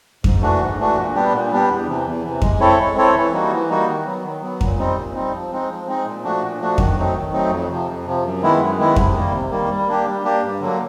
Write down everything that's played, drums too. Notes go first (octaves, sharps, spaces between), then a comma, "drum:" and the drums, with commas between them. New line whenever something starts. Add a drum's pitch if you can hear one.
G#2, drum: kick F2
E3 A3 D4 F#4
G#2
E3 A3 D4 F#4
A#2
G3 B3 D4 G4
A#2
G3 B3 D4 G4
E2
C3 E3
E2
C3 E3
G#3, drum: kick F2
C4 E4 A4 C#5
G#3
C4 E4 A4 C#5
E3
G3 A#3 D#4 F#4
E3
G3 A#3 D#4 F#4
D#3
F#3 B3
D#3
F#3 B3
A#2, drum: kick F2
G3 C4 D#4
A#2
G3 C4 D#4
F3
G#3 C4 D#4
F3
G#3 C4 D#4
A#2
F3 A3 D4 F#4
A#2
F3 A3 D4 F#4
D#3, drum: kick F2
F#3 A3 C4 D#4
D#3
F#3 A3 C4 D#4
F2
C3 F3
F2
C3 F3
F#2
D#3 G#3 B3 E4
F#2
D#3 G#3 B3 E4
C3, drum: kick F2
D#3 G3 A#3
C3
D#3 G3 A#3
G3
A#3 D4 G4
G3
A#3 D4 G4
G2
D3 F#3 A#3